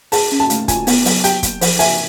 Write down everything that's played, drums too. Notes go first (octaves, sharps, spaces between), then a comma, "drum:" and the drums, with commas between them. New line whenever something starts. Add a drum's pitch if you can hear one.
G#4 A5, drum: open hi-hat
C#4
A5
A3, drum: hi-hat
F4 G#5, drum: kick, hi-hat
B3, drum: open hi-hat
F#3, drum: open hi-hat
G4 G5, drum: hi-hat
A#3, drum: kick, hi-hat
F3, drum: open hi-hat
E5 G#5, drum: open hi-hat